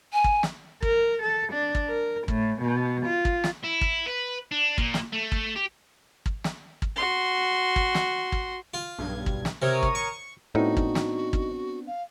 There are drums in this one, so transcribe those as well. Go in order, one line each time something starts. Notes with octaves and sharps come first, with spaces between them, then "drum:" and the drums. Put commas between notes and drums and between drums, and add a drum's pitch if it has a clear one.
G#5
drum: kick
drum: snare
A#4, drum: kick
A4
D4
drum: kick
A#4
A2, drum: kick
B2
F4
drum: kick
drum: snare
E4
drum: kick
B4
D4
A#2, drum: kick
drum: snare
A3
drum: kick
G4
drum: kick
drum: snare
drum: kick
F#4 C6
drum: kick
drum: snare
drum: kick
F4
B1 G2 G#6
drum: kick
drum: snare
C3 A#4 C#5 D#6
drum: kick
C#6
A2 B3 C4 D4 D#4 F#4
drum: kick
drum: snare
drum: kick
F5